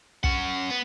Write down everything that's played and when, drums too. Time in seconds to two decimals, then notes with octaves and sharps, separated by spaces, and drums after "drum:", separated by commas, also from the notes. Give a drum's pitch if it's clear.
0.24 C#4 F#5, drum: kick
0.70 B3